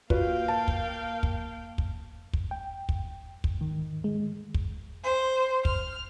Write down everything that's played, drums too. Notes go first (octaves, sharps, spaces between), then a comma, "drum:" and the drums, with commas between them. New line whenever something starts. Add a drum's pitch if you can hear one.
A#3 F4 F#4 B4 F5 G5, drum: kick
A5
drum: kick
drum: kick
drum: kick
drum: kick
G5
drum: kick
drum: kick
G#2 D#3
G#3
drum: kick
C5
F6, drum: kick